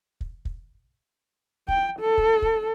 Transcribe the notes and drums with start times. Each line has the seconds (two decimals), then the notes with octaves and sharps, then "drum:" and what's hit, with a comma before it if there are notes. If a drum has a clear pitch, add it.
0.21 drum: kick
0.45 drum: kick
1.68 G5, drum: kick
2.00 A4
2.18 drum: kick
2.42 drum: kick